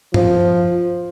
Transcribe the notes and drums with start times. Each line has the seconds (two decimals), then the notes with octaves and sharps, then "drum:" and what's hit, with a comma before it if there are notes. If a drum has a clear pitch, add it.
0.14 F3, drum: tom G2